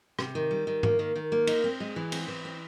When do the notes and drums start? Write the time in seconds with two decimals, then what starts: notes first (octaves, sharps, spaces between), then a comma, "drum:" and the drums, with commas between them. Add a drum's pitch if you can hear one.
0.19 C3, drum: rim click
0.35 D#3
0.51 G3
0.67 D#3
0.83 A#3, drum: tom G#2
0.99 D#3
1.16 D#3
1.32 A#3
1.47 D#4, drum: cymbal
1.64 C4
1.80 G#3
1.96 E3
2.12 C4, drum: cymbal
2.28 E3
2.45 C4